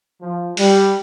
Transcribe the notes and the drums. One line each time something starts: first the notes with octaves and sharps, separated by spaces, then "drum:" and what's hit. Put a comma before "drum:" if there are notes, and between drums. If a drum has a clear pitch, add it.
F3
G3, drum: open hi-hat